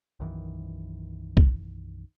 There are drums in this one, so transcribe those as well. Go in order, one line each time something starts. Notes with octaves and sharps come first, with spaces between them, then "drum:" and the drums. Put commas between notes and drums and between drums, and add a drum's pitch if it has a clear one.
B1 F#2 D#3 E3
drum: kick